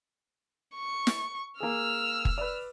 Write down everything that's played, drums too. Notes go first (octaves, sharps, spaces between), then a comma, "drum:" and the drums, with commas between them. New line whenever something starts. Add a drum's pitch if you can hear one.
C#6
drum: snare
A#3 G#4 E6 F6
drum: kick F1
B4 D5